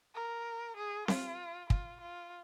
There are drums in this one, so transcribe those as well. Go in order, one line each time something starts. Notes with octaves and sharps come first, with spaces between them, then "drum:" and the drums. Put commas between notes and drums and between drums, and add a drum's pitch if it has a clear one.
A#4
G#4
F4, drum: snare C4
F4, drum: kick
F4